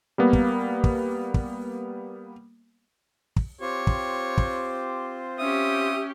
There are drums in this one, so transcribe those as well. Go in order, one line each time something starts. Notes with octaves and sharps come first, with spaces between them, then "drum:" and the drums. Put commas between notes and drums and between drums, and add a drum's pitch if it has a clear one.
G3 A#3 B3
drum: kick
drum: kick
drum: kick
drum: kick
C4 F4 G4 C5 C#5
drum: kick
drum: kick
C#4 G4 E5 D#6